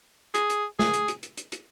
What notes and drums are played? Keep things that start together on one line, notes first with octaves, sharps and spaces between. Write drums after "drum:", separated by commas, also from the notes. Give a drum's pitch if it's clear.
G#4, drum: hi-hat
drum: hi-hat
G#4, drum: snare
drum: hi-hat
drum: hi-hat
drum: hi-hat
drum: hi-hat
drum: hi-hat